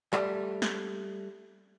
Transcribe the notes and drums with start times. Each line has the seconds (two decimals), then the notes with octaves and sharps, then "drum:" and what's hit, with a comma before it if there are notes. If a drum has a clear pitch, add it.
0.13 G3 A3, drum: clap
0.62 drum: snare